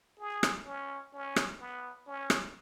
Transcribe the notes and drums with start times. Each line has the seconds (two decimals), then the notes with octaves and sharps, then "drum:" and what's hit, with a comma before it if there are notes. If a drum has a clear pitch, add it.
0.19 G#4
0.43 drum: rim click
0.66 C#4
1.13 C#4
1.36 drum: rim click
1.60 B3
2.07 C#4
2.30 drum: rim click